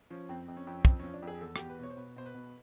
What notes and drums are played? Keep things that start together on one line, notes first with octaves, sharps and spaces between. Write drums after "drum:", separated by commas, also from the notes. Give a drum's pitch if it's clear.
F3 C#4
F2 C4
F2
C#4
F2
F2 C4, drum: kick
F3 C#4
D4
F2
G#4
E2 A4
E2 G4, drum: rim click
B4
B2 C#5
C5
B2 B4
B2 C5
B4
B2